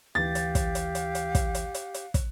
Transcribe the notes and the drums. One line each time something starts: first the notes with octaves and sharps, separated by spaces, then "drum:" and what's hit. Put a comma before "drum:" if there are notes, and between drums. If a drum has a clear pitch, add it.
D2 E3 G4 F5 A6
drum: hi-hat
drum: kick, hi-hat
drum: hi-hat
drum: hi-hat
drum: hi-hat
drum: kick, hi-hat
drum: hi-hat
drum: hi-hat
drum: hi-hat
drum: kick, hi-hat